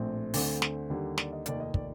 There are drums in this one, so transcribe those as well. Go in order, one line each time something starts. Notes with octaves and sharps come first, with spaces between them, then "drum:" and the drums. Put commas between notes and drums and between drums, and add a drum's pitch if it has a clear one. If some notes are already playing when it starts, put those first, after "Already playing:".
Already playing: A#1 A2 A3 C4
D2 D3 A3 C4, drum: open hi-hat
drum: snare
D#2 D3 G3 A#3
D5, drum: snare
D#5
F1 D#2 D#3 D5, drum: hi-hat
D#5
D5, drum: kick